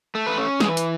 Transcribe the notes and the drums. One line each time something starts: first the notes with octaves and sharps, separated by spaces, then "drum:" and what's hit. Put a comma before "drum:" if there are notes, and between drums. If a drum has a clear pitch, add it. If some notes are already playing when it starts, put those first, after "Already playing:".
A3
B4
C#4
E3 G#4, drum: snare
drum: hi-hat